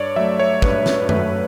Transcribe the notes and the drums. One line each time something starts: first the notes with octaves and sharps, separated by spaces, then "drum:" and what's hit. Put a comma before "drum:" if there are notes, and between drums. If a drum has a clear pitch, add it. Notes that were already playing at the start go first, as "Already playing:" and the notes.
Already playing: G2 C#5 D5
F#3 A3 E5
C#5
G2 B4, drum: kick
drum: snare
F#3 A3 B4, drum: tom F#2